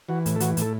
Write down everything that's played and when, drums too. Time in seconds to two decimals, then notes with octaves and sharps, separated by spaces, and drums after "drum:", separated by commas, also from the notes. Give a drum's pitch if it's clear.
0.09 E3 F#4
0.26 A2, drum: hi-hat
0.36 A4
0.40 E3 F#4, drum: hi-hat
0.57 A2 A4, drum: hi-hat